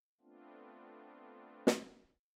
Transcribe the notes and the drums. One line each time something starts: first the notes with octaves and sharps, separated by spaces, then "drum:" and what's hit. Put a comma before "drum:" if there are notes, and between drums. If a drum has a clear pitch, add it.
A3 B3 C4 D4 F4
drum: snare